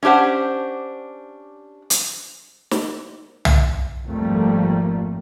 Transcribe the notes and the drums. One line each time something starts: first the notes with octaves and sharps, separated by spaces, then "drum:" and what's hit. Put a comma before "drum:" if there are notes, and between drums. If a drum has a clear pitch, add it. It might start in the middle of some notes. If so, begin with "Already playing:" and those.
C#4 D4 G4 C5 F#5
drum: hi-hat
drum: snare
drum: tom
G#1 F2 G3 A3 A#3